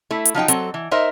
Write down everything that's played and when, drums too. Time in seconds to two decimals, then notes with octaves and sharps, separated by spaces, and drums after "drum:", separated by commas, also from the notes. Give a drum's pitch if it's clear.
0.11 A3 E4
0.25 drum: hi-hat
0.35 F3 F#3 D#4 G5
0.48 F#3 C4 A4, drum: hi-hat
0.74 E3
0.91 D#4 A#4 C5 D#5 E5